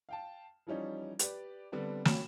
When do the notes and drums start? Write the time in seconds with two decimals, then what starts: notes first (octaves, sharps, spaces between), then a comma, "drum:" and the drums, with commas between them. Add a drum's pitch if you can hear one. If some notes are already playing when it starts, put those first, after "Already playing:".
0.09 F5 G5 A5
0.67 E3 F3 G3 C#4 D#4
1.19 G4 B4 D5, drum: hi-hat
1.72 D3 G3 B3 C4 D4
2.05 F#3 C#4 G5 B5 E7, drum: snare